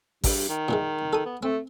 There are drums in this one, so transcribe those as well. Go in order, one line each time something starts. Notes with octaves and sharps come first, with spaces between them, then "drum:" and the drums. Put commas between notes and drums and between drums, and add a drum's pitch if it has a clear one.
G2, drum: kick, open hi-hat
D#3
A#2 E3 G#3
A4 D#6
B3
A3 C4